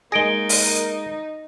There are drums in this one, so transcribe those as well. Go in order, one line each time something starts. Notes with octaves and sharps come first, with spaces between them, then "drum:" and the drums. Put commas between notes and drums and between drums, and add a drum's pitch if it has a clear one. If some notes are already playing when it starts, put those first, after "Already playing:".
G#3 A#3 D#4 G#4 A#4 A#6 D7 G7
drum: open hi-hat